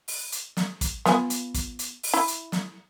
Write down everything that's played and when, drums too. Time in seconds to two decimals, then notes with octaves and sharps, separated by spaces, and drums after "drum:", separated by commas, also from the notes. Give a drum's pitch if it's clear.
0.08 drum: open hi-hat
0.32 drum: hi-hat
0.57 drum: snare
0.81 drum: kick, hi-hat
1.06 B3 F4 G#5, drum: snare
1.30 drum: hi-hat
1.54 drum: kick, hi-hat
1.79 drum: hi-hat
2.03 drum: open hi-hat
2.14 E4
2.28 drum: hi-hat
2.52 drum: snare